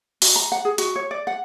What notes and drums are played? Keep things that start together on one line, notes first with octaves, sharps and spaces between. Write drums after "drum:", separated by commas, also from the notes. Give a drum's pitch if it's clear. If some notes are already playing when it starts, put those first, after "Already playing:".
F#4, drum: open hi-hat
A#5
F#5
G#4
F#4, drum: hi-hat
C#5
D5
F#5